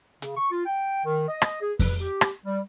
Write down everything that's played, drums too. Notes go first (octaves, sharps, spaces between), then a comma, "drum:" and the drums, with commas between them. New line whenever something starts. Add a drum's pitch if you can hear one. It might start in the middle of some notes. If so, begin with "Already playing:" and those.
C#3, drum: hi-hat
C#6
F4
G5
D#3
D#5
drum: rim click
G#4
B4, drum: kick F2, open hi-hat
G4
drum: rim click
G3